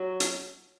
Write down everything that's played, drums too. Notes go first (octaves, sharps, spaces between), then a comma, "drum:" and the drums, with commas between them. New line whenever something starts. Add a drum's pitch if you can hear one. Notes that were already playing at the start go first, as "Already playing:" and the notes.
Already playing: F#3
drum: hi-hat